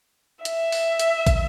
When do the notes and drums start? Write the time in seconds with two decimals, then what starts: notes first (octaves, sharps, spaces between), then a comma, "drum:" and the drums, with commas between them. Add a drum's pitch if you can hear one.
0.45 E5, drum: hi-hat
0.72 drum: open hi-hat
0.99 drum: hi-hat
1.27 drum: kick, hi-hat